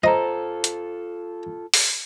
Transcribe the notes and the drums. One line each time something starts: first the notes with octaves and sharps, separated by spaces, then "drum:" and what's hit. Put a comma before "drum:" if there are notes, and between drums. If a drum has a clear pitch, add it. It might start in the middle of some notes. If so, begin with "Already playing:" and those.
F4 A4 C5 D#5 A#5
drum: hi-hat
drum: open hi-hat